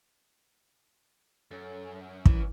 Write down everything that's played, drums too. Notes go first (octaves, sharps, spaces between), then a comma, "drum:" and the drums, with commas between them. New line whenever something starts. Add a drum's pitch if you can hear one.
F#2 A4 C#5
E3 E4, drum: kick